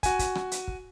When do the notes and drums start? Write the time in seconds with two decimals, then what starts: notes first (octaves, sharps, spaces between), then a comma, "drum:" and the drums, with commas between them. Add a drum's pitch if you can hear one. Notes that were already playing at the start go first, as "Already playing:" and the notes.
0.03 F#4 G#5, drum: kick, hi-hat
0.19 drum: kick, hi-hat
0.35 drum: rim click
0.52 drum: hi-hat
0.68 drum: kick